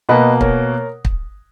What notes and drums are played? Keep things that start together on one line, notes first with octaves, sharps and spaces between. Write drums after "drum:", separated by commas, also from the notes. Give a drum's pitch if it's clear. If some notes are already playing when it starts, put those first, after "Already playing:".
B2 A#3 B4 D#5
A#4 C#5, drum: kick
drum: kick